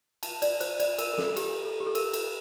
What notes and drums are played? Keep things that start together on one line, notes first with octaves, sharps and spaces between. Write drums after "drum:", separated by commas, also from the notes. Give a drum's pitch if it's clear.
A5, drum: cymbal
D5, drum: cymbal
C5, drum: cymbal
D5, drum: cymbal
A#4, drum: cymbal
A#4
A4, drum: snare
G4, drum: cymbal
A4
G4
A4
A#4, drum: cymbal
drum: cymbal